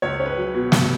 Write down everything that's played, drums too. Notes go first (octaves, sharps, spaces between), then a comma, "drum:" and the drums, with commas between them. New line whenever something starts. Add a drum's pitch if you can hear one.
C#2 C#5
C#4
B4
F#3
B2
G2, drum: snare